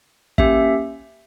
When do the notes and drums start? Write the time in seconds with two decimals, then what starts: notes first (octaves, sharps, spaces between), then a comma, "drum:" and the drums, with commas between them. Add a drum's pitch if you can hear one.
0.38 A#3 C#4 G4 E5, drum: kick